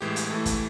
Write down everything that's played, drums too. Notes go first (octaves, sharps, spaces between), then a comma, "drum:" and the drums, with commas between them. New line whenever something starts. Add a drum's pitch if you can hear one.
A2 E3 G#3 G4
drum: hi-hat
A2 E3 A3
drum: kick, hi-hat